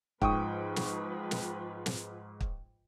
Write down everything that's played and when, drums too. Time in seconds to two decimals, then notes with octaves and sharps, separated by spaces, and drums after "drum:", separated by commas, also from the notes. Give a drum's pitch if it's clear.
0.22 G#2 F3 B4 G5 C#6 D#6, drum: kick
0.76 drum: snare
1.31 drum: snare
1.86 drum: snare
2.41 drum: kick